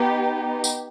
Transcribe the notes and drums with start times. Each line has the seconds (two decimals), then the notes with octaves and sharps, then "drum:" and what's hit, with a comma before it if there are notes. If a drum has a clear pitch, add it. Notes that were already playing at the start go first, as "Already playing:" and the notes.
Already playing: B3 D#4 G4
0.64 drum: tambourine